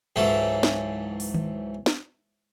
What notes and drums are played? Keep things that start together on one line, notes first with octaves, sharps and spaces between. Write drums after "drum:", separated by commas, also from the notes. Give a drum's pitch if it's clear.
C#2 G#2 E3 F#3 A4
drum: snare
drum: open hi-hat
drum: tom D#3
drum: snare